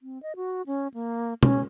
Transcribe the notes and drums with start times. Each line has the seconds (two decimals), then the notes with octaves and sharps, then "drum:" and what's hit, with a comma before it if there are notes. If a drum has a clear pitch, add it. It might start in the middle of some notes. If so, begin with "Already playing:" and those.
0.01 C4
0.23 D#5
0.36 F#4
0.67 C#4
0.94 A#3
1.43 C#4, drum: tom